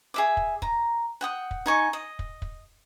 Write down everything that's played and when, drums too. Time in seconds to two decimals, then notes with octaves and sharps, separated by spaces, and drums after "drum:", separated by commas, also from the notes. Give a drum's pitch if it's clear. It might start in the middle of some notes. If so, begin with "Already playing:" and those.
0.14 G#4 E5 D6
0.37 drum: kick
0.62 A#5, drum: kick
1.21 F#5 G5 D#6
1.51 drum: kick
1.66 D#4 G#5 C#6
1.93 D#5
2.19 drum: kick
2.42 drum: kick